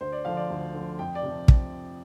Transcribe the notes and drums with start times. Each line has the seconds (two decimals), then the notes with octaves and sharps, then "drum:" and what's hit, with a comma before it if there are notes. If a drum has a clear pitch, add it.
0.01 D2 C5
0.12 D5
0.25 D3 F3 F5
0.37 D5
0.50 D2
0.74 D3
0.79 F3
0.99 F2 G5
1.15 D5
1.23 C3 F3
1.48 drum: kick